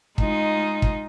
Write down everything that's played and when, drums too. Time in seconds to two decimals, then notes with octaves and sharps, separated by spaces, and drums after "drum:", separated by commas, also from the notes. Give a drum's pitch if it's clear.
0.18 G#3 D#4 F4, drum: kick
0.82 drum: kick